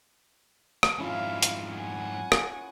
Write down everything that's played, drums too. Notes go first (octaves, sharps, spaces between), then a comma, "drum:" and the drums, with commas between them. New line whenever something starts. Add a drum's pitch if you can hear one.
drum: rim click
F2 G#2 C#4 E4 F4 E5 F5
drum: hi-hat
F#5 G#5
drum: rim click